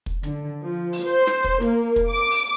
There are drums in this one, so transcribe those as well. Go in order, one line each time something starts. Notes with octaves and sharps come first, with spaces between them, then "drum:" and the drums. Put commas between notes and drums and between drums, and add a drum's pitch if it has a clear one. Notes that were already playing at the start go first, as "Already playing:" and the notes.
drum: kick
D3, drum: hi-hat
F3
drum: open hi-hat
C5
drum: snare
drum: kick
A#3, drum: hi-hat
drum: kick, hi-hat
D6
drum: open hi-hat